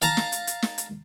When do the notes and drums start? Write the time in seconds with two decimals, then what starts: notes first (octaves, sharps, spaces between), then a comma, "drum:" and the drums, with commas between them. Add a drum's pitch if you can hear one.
0.02 F5 A5 A#5, drum: hi-hat
0.17 drum: snare
0.32 drum: hi-hat
0.47 drum: hi-hat
0.62 drum: snare
0.78 drum: hi-hat